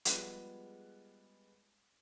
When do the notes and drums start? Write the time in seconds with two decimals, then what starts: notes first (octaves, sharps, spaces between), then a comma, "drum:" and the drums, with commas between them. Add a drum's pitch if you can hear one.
0.05 F3 G3 G#3 B3 G#4 F#6, drum: hi-hat